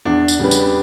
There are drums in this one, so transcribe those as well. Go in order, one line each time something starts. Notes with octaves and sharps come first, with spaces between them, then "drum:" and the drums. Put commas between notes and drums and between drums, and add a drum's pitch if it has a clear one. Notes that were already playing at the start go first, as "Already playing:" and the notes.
E2 D4
drum: tambourine
C#3 G3 B3
drum: tambourine